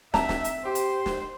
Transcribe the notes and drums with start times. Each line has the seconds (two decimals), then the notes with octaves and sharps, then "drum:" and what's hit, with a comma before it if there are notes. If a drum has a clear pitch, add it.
0.14 C4 E5 A5 A#5, drum: snare
0.29 drum: snare
0.44 drum: hi-hat
0.65 G4 C5
0.75 drum: hi-hat
1.06 drum: snare